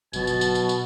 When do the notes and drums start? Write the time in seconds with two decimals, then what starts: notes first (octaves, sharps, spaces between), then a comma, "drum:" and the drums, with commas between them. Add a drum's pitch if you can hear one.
0.13 G1 B2 F#3 A5, drum: tambourine
0.27 drum: tambourine
0.41 drum: tambourine
0.55 drum: tambourine
0.69 drum: tambourine